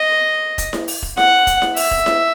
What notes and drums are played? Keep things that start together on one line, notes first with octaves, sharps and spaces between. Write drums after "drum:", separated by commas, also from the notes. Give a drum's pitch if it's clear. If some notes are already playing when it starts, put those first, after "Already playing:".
Already playing: D#5
drum: kick E1, hi-hat
drum: snare E4
drum: open hi-hat
drum: kick E1
F#5, drum: snare E4
drum: kick E1, hi-hat
drum: snare E4
E5, drum: open hi-hat
drum: kick E1
drum: snare E4